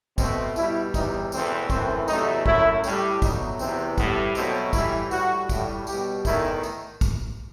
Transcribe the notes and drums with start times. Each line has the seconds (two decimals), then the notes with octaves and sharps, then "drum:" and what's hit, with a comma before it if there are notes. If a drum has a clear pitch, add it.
0.18 B2 A3 C4, drum: kick, tambourine
0.56 B2 G3 E4, drum: tambourine
0.94 E2 C3 E3 G3 D#4, drum: kick, tambourine
1.32 E2 B2 A3 C4, drum: tambourine
1.70 F#2 E3 A3 C4, drum: kick, tambourine
2.08 E2 C3 F#3 A3 D#4, drum: tambourine
2.46 F#2 F#3 A3 E4, drum: kick
2.84 A2 G3, drum: tambourine
3.22 B2 F#3 A3 D#4, drum: kick, tambourine
3.59 E2 C3 E3 C4, drum: tambourine
3.98 A2 G3 B3, drum: kick, tambourine
4.35 B2 F#3 A3 C4, drum: tambourine
4.73 A2 E3 G3 E4, drum: kick, tambourine
5.11 A2 G3 F#4, drum: tambourine
5.49 A2 G3, drum: kick, tambourine
5.87 B2 G3 G4, drum: tambourine
6.25 E2 D#3 A3 E4, drum: kick, tambourine
6.63 drum: tambourine
7.01 drum: kick, tambourine